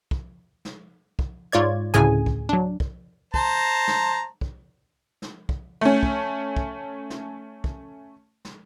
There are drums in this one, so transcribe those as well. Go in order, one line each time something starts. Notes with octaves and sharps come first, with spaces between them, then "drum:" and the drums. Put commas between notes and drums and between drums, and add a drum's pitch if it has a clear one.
drum: kick
drum: snare
drum: kick
G#2 F4 C#5 D5 G#6
D2 A2 C#3 G#4 G#5
drum: kick
F#3 D4
drum: kick
C5 A5 A#5, drum: kick
drum: snare
drum: kick
drum: snare
drum: kick
A3 C#4
drum: kick
drum: kick
drum: snare
drum: kick
drum: snare